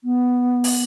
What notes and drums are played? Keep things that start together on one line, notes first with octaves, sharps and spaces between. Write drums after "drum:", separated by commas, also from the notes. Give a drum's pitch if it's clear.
B3
drum: open hi-hat